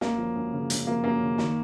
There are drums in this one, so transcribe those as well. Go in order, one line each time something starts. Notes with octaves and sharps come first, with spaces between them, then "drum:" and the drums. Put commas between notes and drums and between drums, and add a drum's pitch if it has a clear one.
F#2 A#3, drum: snare
F3
F#2
C#3
F#2, drum: hi-hat
F3 A#3
F#2 A#3
C#3
D#3, drum: snare